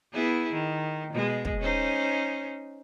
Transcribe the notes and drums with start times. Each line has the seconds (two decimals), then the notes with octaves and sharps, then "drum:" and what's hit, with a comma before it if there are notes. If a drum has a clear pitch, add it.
0.13 B3 E4 G#4
0.53 D#3
1.13 B2 G#3
1.45 drum: kick
1.60 C#4 D#4 C5